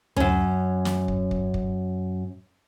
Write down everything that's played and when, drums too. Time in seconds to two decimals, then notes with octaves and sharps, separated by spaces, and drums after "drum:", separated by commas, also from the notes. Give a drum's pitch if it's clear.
0.16 F#2 C#4, drum: tom D2
0.85 drum: snare
1.08 drum: kick
1.31 drum: kick
1.54 drum: kick